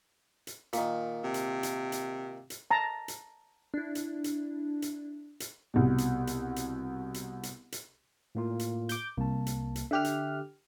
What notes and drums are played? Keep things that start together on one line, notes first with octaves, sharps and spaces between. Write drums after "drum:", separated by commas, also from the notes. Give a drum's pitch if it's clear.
drum: hi-hat
A#2 D#3, drum: hi-hat
C3
drum: hi-hat
drum: hi-hat
drum: hi-hat
drum: hi-hat
A5 A#5
drum: hi-hat
D4 E4
drum: hi-hat
drum: hi-hat
drum: hi-hat
drum: hi-hat
C2 B2
drum: hi-hat
drum: hi-hat
drum: hi-hat
drum: hi-hat
drum: hi-hat
drum: hi-hat
A2 A#3 F4
drum: hi-hat
D6 G6, drum: hi-hat
C2 A#3 A5
drum: hi-hat
drum: hi-hat
D3 G4 E5 F6 F#6
drum: hi-hat